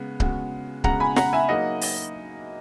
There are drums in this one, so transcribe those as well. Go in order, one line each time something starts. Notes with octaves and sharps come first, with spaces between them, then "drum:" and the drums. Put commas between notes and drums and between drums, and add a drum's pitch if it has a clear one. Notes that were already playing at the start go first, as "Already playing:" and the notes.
Already playing: C#3 G#3 B3
C#3 G#3 B3 F#4, drum: kick C#1
C#3 G#3 B3 F#4 F#5 A#5, drum: kick C#1
G#5 B5
F#5 A#5, drum: snare
E5 G#5
F#3 A#3 D#4 G#4 D#5 F#5
drum: open hi-hat